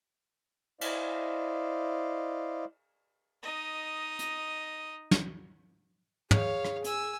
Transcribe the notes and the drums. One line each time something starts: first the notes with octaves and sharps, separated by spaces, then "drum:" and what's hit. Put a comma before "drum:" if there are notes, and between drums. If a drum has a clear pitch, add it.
E4 C5 D5 D#5 F5, drum: cymbal
D#4 D#5
drum: hi-hat
drum: snare
G#4 C#5 F5, drum: tom
drum: rim click
G#5 E6, drum: hi-hat